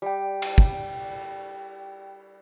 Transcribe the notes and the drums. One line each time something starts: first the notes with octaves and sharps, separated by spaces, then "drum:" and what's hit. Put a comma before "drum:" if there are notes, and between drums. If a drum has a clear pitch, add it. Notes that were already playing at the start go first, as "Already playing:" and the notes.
G3 D5 G5
drum: cymbal
drum: kick